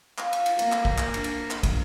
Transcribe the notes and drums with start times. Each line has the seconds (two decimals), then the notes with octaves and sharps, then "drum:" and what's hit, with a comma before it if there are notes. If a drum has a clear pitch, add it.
0.18 F5, drum: clap
0.33 drum: cymbal
0.46 drum: cymbal
0.59 A#3, drum: cymbal
0.72 drum: clap
0.85 drum: kick
0.98 drum: clap
1.14 D4, drum: cymbal
1.24 drum: cymbal
1.50 drum: clap
1.63 drum: kick, cymbal